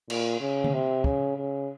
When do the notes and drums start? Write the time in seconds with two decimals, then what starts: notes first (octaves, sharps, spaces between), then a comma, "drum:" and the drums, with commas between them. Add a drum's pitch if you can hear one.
0.10 A#2, drum: cymbal
0.41 C#3
0.64 drum: tom D3
0.73 C3
1.04 C#3, drum: kick
1.37 C#3